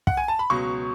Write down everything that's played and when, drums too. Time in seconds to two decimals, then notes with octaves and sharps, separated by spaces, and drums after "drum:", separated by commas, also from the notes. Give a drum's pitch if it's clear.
0.07 F#5, drum: kick
0.17 G#5
0.28 A5
0.39 B5
0.50 C#2 B2 F#3 C#6